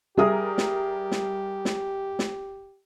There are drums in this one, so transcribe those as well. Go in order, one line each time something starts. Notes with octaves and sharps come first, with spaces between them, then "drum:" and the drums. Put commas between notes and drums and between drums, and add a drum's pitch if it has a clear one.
G3 G4 G#4 A#4 E5 D#6
drum: snare
drum: snare
drum: snare
drum: snare